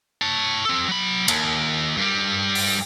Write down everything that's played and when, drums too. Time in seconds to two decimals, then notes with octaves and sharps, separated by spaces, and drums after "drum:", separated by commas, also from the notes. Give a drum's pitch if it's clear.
0.22 C#5 A5
0.65 C4 A4
0.88 F#3 B5
1.28 D#2, drum: cymbal
1.97 G2 G3
2.55 drum: open hi-hat